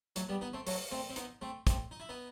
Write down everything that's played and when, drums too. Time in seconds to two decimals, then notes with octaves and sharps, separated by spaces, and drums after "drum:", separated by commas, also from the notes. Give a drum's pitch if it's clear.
0.16 F#3 A3, drum: hi-hat
0.29 G3 B3
0.41 B3 D#4
0.53 A3 C4
0.67 F#3 A3, drum: open hi-hat
0.91 A3 C4
1.10 C4
1.16 B3 D#4, drum: hi-hat
1.41 A3 C4
1.67 A3 C4, drum: kick, hi-hat
1.91 D#4
2.00 E4
2.09 B3 D#4